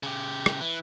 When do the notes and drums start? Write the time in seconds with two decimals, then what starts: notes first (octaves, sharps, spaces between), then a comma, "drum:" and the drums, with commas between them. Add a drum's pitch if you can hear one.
0.03 C#3 G4
0.46 drum: rim click
0.61 E3